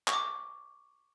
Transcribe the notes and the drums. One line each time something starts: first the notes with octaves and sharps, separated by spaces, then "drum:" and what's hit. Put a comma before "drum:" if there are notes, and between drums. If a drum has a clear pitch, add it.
C#6, drum: clap
D6